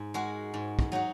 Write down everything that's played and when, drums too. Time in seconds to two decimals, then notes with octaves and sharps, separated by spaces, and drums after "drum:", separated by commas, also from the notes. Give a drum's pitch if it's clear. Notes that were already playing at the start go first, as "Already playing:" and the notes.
Already playing: G#2
0.14 G#3 F#4 A#4
0.54 G#2
0.79 drum: kick
0.92 F#3 D#4 F#4